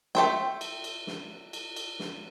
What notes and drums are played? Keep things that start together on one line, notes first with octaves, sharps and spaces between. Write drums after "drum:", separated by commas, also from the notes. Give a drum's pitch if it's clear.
A3 C5 G5, drum: snare
drum: cymbal
drum: cymbal
drum: snare
drum: cymbal
drum: cymbal
drum: snare